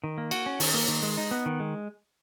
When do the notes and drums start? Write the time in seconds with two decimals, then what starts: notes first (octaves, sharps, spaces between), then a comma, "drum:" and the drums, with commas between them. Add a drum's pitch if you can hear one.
0.04 D#3
0.18 A#3
0.31 F#4, drum: cymbal
0.46 C#4
0.60 D#3, drum: open hi-hat
0.74 A#3
0.88 D#3
1.03 G#3
1.17 D#4
1.31 B3
1.46 D#3
1.60 G#3